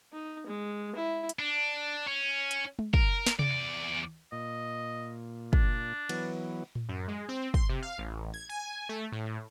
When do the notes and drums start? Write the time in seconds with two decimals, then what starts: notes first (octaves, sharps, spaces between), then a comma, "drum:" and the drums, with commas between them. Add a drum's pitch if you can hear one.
0.13 D#4
0.47 G#3
0.95 E4
1.29 drum: hi-hat
1.39 D4
2.07 C#4
2.51 drum: hi-hat
2.79 drum: tom G#3
2.94 A#4, drum: kick
3.26 drum: snare
3.39 E2 D5, drum: tom C3
4.32 A#2 D#5
5.53 D4, drum: kick
6.09 E3 F#3 B3, drum: cymbal
6.75 drum: tom A2
6.89 F#2
7.08 G#3
7.29 C4
7.54 C6, drum: kick
7.69 C3
7.82 F5
7.98 A1
8.34 G#6
8.49 G#5
8.89 A3
9.12 A2